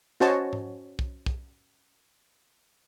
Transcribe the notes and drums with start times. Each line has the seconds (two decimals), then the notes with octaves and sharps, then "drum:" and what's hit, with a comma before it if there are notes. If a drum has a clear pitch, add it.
0.20 C#4 F#4 C5 C#5 D#5 A5, drum: snare
0.53 drum: tom G#2
0.99 drum: kick
1.26 drum: kick